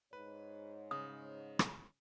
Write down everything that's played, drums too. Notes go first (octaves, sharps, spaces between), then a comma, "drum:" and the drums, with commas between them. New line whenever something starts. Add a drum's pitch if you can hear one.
G#2 B4 C#5
C#3 D#6
drum: rim click